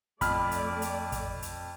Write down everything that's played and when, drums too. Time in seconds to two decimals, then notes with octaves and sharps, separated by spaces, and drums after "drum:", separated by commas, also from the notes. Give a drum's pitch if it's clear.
0.21 F2 A3 D5 B5 F6, drum: kick, hi-hat
0.52 drum: hi-hat
0.82 drum: hi-hat
1.12 drum: kick, hi-hat
1.42 drum: hi-hat